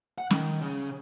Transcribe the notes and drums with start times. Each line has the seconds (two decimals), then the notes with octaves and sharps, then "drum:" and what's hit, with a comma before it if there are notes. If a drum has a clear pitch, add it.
0.18 F#5
0.30 D#3, drum: snare
0.61 C#3